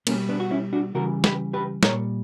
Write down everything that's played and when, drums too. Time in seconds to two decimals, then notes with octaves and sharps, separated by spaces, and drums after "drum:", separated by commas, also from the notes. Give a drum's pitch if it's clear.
0.07 B2 G3 A#3 C#4, drum: cymbal
0.29 B3 D4
0.40 F#4
0.51 C#4 E4
0.73 D4 F#4
0.95 C#3 E3 G3 F#4 A#4
1.24 G4 B4, drum: snare
1.53 G4 B4
1.83 A#2 G3 A#4 C#5, drum: snare